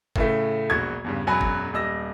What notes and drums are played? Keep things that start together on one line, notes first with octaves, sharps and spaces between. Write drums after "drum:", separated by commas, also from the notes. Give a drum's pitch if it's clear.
A2 C#3 A3, drum: kick F#1
E1 A#1 F#4 C#6 G#6
E2 G2 C#3
E1 F#2 F#3 F#4 G#5 B5
drum: kick F#1
D#1 G3 D#5 E6 A#6